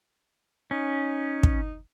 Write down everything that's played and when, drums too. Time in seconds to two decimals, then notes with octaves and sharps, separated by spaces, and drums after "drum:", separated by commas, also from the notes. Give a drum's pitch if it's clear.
0.71 C#4 D#4
1.43 drum: kick